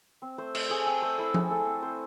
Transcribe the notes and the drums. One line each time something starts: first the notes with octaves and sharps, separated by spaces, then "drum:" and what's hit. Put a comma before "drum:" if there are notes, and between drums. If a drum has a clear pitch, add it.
C4
A3 C5
A3, drum: cymbal
A3 G#4
C4 A4
A3 C5
E4 A4
A3 G#4, drum: tom F3
A3 A4
C4
C4 C5